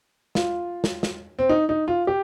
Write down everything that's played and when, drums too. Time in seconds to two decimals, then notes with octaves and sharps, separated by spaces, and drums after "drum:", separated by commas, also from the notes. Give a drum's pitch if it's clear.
0.35 F4, drum: snare
0.84 drum: snare
1.03 drum: snare
1.39 C4
1.49 D#4
1.69 D#4
1.88 F4
2.07 G4